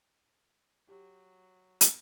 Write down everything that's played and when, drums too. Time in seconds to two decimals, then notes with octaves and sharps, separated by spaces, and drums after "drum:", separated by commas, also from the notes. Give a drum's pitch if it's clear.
0.88 F#3 G4
1.81 drum: hi-hat